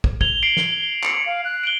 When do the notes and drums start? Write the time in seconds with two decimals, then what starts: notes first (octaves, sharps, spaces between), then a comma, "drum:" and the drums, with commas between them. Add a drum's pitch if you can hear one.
0.04 drum: kick
0.21 G#6 F7 G7, drum: kick
0.42 C7 D7 F#7
0.57 drum: snare
1.03 C#7, drum: clap
1.26 F5
1.45 F#6
1.63 D7 F#7 G7